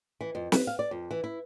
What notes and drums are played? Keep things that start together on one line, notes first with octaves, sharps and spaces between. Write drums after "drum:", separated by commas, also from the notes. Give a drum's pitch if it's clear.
E3
F2
B4, drum: snare
F5
D5
F2
E3
E4